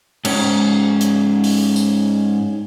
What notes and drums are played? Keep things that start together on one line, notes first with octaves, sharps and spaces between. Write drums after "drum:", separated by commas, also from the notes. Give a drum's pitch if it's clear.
G#2 C#4, drum: cymbal
drum: hi-hat
drum: open hi-hat
drum: tambourine